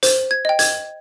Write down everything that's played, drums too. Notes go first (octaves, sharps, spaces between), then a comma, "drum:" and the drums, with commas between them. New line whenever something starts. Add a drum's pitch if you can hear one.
C5, drum: hi-hat
G#6
D#5 G5
G#6, drum: hi-hat